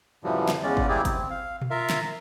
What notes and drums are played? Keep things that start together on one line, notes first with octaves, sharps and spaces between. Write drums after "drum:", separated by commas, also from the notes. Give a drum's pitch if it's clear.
F#2 A2 C3 E3 F3 G3
drum: snare
E2 C#3 G#3 C#4 D5
drum: kick G1
G3 A#3 C4 E4 G4 G#4
C4, drum: kick G1, hi-hat
F5
drum: tom A#2
F4 A#4 E5 F5
drum: snare